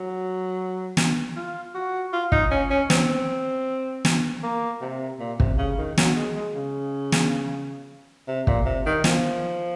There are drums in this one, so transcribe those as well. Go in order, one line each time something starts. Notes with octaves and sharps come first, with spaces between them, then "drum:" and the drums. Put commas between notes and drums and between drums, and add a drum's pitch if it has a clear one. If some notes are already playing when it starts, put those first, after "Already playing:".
Already playing: F#3
drum: snare
F4
F#4
F4
D#4, drum: kick
C#4
C#4
C4, drum: snare
drum: snare
A#3
C3
A#2
C3, drum: kick
C#3
D#3
F#3, drum: snare
G#3
G#3
C#3
drum: snare
C3
A#2, drum: kick
C3
D#3
F3, drum: snare